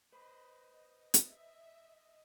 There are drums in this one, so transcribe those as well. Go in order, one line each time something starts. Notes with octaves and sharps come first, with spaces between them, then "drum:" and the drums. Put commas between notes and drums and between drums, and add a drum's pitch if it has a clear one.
B4 C5 D#5 B5
drum: hi-hat
E5